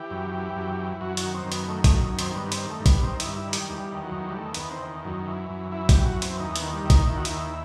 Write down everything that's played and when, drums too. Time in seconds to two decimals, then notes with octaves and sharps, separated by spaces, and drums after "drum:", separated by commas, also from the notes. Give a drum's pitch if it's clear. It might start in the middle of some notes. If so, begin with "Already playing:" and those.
Already playing: E3 G4
0.10 F#2
0.33 E3
0.56 F#2
0.79 E3
1.01 F#2 F#4
1.17 F#4, drum: hi-hat
1.23 D#3
1.34 C4
1.46 F#2
1.52 B3, drum: hi-hat
1.68 D#3 A3
1.84 A3, drum: kick, hi-hat
1.90 F#2
2.13 D#3
2.19 C4, drum: hi-hat
2.35 G2 B3
2.52 C4, drum: hi-hat
2.58 D#3
2.69 A3
2.80 G2
2.86 B3, drum: kick, hi-hat
3.03 D#3 C4
3.20 E4, drum: hi-hat
3.25 G2
3.36 E4
3.47 D#3
3.53 G3, drum: hi-hat
3.70 E2 G3
3.92 D#3
4.04 F#3
4.15 E2
4.29 G3
4.37 D#3 A3
4.54 B3, drum: hi-hat
4.60 E2
4.71 C4
4.82 D#3
5.05 F#2
5.27 E3
5.50 F#2
5.72 E3 E4
5.89 G4, drum: kick, hi-hat
5.95 F#2
6.05 F#4
6.17 E3
6.22 C4, drum: hi-hat
6.40 D#2 D#4
6.56 B3, drum: hi-hat
6.62 D#3
6.73 G3
6.84 D#2 E4
6.90 D#4, drum: kick, hi-hat
7.07 D#3 E4
7.16 F#4
7.25 D#2 E4, drum: hi-hat